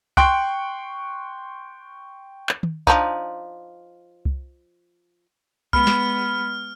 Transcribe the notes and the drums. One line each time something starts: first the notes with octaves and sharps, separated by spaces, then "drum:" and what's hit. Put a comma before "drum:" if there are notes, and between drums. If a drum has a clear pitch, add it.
G5 C6 C#6 F#6 D7, drum: kick C2
drum: clap
drum: tom D#3
F3 D4 D#4, drum: kick C2
drum: kick C2
G#3 B3 B5 F6, drum: kick C2
drum: snare